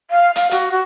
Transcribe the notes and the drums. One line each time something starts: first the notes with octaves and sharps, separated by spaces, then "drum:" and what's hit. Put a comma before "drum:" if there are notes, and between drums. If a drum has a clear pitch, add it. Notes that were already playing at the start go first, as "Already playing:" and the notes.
F5
F5, drum: hi-hat
F#4, drum: hi-hat
F#4